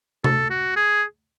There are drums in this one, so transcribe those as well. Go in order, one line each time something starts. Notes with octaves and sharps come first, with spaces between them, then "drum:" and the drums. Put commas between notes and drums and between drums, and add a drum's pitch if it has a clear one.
A4, drum: tom C3
F#4
G#4